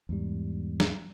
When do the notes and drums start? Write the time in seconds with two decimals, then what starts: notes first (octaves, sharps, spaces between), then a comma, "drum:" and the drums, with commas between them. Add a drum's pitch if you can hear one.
0.09 E2 G#2 G3
0.80 drum: snare